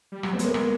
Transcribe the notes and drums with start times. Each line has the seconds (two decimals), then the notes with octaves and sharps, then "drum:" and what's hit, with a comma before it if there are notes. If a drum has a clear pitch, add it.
0.12 G3
0.23 F#3, drum: rim click
0.33 A3 B3
0.39 G#3, drum: hi-hat
0.44 A#3
0.54 G#3, drum: rim click